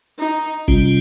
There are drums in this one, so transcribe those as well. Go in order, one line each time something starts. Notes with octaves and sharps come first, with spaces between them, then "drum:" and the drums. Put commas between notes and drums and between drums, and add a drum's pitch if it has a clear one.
D#4
C3 G3 C#4 F4, drum: kick